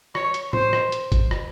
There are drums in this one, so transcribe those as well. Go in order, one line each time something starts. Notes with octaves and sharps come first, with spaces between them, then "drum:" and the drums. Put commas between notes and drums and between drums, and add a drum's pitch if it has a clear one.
C#5, drum: rim click
drum: hi-hat
C5, drum: tom A2
drum: rim click
drum: hi-hat
drum: kick F#1, hi-hat
drum: rim click